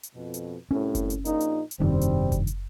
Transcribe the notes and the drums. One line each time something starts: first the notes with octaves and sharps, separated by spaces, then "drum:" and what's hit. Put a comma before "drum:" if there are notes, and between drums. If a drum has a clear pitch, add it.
drum: hi-hat
F2 B2
drum: hi-hat
C2 A2 C#4
drum: kick F#1, hi-hat
drum: hi-hat
A#1 A#2 D#4, drum: hi-hat
drum: hi-hat
drum: hi-hat
F1 B1 G2 D#3 G3 C4
drum: hi-hat
drum: kick F#1, hi-hat
drum: hi-hat